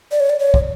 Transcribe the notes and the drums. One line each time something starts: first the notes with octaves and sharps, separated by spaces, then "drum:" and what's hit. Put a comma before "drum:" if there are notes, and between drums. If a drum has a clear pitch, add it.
D5
C#5
D5
C#5
drum: kick